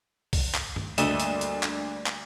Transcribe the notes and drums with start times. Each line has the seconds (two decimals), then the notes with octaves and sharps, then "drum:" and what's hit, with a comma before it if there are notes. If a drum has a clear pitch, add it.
0.33 drum: kick, open hi-hat
0.55 drum: clap
0.76 drum: tom G2
0.98 D2 G3 A3 A#3 D4 A4 D#5 E5, drum: hi-hat
1.20 drum: hi-hat
1.41 drum: hi-hat
1.63 drum: clap
2.06 drum: clap